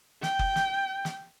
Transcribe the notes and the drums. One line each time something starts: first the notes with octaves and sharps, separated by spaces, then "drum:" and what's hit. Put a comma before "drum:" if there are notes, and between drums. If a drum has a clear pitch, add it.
G5, drum: snare
drum: kick F#1
drum: snare
drum: snare